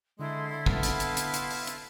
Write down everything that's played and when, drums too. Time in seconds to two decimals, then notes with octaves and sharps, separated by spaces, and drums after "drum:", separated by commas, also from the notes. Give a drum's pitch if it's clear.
0.19 D3 G#3 E4 A4 C6
0.66 B3 B4 F5 A5, drum: kick
0.83 drum: hi-hat
1.00 drum: hi-hat
1.17 drum: hi-hat
1.34 drum: hi-hat
1.51 drum: open hi-hat
1.67 drum: hi-hat